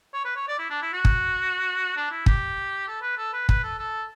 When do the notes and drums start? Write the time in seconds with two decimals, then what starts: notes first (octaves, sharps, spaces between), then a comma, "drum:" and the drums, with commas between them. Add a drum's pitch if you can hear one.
0.14 C#5
0.25 B4
0.36 C#5
0.48 D5
0.58 E4
0.70 D4
0.82 E4
0.93 F#4
1.05 drum: kick
1.96 D4
2.11 E4
2.26 G4, drum: kick
2.88 A4
3.02 B4
3.18 A4
3.33 B4
3.49 B4, drum: kick
3.63 A4
3.79 A4